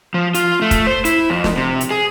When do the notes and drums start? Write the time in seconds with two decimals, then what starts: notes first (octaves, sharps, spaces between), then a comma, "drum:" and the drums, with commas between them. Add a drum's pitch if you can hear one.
0.14 F3
0.34 F4, drum: hi-hat
0.62 A3
0.71 drum: kick, hi-hat
0.87 C5
1.05 E4, drum: hi-hat
1.30 F2
1.44 drum: snare
1.57 C3
1.81 drum: hi-hat
1.91 G#4